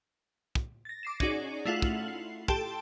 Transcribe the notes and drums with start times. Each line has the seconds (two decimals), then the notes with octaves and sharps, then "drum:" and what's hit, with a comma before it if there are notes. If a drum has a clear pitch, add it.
0.55 drum: kick
0.85 A6 A#6
1.03 D6 C7 E7
1.20 C#4 D#4 F#4 G#4 D5, drum: kick
1.65 A3 E4 F4 F#5 F6 F#7
1.82 drum: kick
2.08 C7
2.48 G4 A4 G5 A5 C6, drum: kick